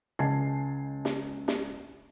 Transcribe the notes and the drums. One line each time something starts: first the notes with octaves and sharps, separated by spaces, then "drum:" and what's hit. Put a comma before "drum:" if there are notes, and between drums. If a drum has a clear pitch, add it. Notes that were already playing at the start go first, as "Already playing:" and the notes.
C#2 D#5 G#5 A5 G#6 C7
drum: snare
drum: snare